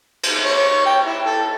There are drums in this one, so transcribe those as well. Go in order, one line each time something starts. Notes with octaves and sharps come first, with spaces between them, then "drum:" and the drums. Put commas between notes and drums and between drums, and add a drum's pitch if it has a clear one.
drum: cymbal
C#5
G5
E4
A4